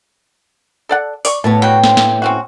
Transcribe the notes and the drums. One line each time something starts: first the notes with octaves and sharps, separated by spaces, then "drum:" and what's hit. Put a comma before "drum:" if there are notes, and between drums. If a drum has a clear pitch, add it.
A4 D5 F#5
D5 C#6, drum: open hi-hat
A2 B3 C#5 A5
B2 G3 F#4 G5
C5, drum: snare
drum: snare
C4 C#4 F#4